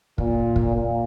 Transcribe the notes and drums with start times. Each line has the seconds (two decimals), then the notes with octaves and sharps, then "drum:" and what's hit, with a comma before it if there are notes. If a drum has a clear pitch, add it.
0.18 A#2, drum: kick
0.56 drum: kick
0.75 A#2